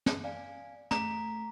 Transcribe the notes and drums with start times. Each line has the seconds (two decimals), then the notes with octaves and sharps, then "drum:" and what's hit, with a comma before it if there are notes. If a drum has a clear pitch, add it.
0.06 drum: snare
0.24 D5 F5 G#5
0.91 A3 A#5 D6 B6, drum: snare